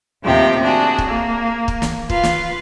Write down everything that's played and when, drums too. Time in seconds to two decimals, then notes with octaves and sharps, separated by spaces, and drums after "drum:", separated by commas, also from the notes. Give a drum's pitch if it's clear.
0.23 D#2 A2 C3 F3 D#4 G4
0.64 D4 F#4 G#4
0.99 drum: kick
1.08 A#3
1.68 drum: kick
1.82 drum: snare
2.10 F4 B4 F5, drum: kick
2.23 drum: snare